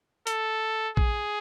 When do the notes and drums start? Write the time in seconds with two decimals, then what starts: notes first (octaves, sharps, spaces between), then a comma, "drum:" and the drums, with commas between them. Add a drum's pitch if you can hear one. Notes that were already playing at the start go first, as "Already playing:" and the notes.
0.27 A4, drum: hi-hat
0.97 G#4, drum: kick A#1